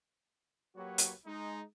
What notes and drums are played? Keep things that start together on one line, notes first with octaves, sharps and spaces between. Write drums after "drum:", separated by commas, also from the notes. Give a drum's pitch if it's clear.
F#3 A#3 F#4 G4 B4 C#5
drum: hi-hat
G#3 D#4